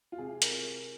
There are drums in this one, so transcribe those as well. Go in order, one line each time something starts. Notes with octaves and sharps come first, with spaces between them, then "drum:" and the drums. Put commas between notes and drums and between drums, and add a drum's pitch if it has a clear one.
F4
C3 G#4
A#4, drum: hi-hat